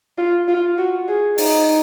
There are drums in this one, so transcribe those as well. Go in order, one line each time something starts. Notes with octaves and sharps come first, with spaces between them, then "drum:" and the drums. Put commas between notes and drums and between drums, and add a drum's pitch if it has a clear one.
F4
F4
F#4
G#4
D#4, drum: open hi-hat